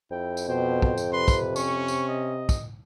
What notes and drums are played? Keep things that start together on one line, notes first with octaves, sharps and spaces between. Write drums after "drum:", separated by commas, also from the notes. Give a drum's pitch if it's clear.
F2 E4 G5
drum: tambourine
B2 C5 G5
drum: kick
drum: tambourine
C3 B4 C6
drum: kick, tambourine
C#4 C#6, drum: tambourine
drum: tambourine
D#5
drum: kick, tambourine